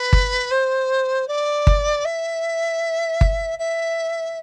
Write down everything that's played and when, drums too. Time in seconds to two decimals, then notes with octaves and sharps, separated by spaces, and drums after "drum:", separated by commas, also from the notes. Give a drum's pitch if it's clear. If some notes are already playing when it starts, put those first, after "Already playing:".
Already playing: B4
0.13 drum: kick G1
0.51 C5
1.28 D5
1.67 drum: kick G1
2.05 E5
3.21 drum: kick G1
3.59 E5